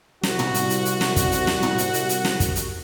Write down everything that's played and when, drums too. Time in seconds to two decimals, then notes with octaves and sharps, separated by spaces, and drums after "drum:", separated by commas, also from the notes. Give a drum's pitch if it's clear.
0.23 C2 F#4, drum: snare
0.39 drum: tom
0.54 drum: hi-hat
0.70 drum: hi-hat
0.85 drum: hi-hat
1.01 drum: snare
1.16 drum: kick, hi-hat
1.32 drum: hi-hat
1.47 drum: snare
1.63 drum: tom
1.78 drum: hi-hat
1.94 drum: hi-hat
2.09 drum: hi-hat
2.25 drum: snare
2.40 drum: kick, hi-hat
2.55 drum: hi-hat